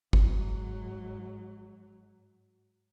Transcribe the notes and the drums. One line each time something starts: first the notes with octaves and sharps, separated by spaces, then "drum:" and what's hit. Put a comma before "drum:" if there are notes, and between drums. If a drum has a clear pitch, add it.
G#2 F#3, drum: kick G1